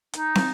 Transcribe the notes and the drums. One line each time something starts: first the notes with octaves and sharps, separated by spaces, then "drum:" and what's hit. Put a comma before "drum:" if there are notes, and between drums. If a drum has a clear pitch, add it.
D#4, drum: hi-hat
drum: snare